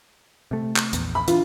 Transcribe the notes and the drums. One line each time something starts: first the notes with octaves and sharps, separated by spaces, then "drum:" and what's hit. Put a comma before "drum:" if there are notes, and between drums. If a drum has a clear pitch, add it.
C3 A3
drum: clap
A#1 E2, drum: hi-hat
B5
D3 E3 F4, drum: hi-hat